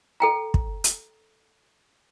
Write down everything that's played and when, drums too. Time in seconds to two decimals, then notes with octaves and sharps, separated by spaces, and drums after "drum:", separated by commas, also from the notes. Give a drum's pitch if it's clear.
0.20 A4 G5 A#5
0.54 drum: kick
0.84 drum: hi-hat